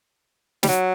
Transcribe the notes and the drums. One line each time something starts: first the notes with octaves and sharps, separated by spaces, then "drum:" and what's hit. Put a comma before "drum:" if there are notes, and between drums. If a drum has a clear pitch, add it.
G3, drum: snare
F#3